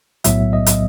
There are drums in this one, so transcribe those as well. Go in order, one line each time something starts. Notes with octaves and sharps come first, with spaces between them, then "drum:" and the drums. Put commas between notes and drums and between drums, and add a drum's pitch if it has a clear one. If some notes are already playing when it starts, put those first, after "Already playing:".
B1 A2 F#3 B3 E5, drum: hi-hat
D#5
drum: hi-hat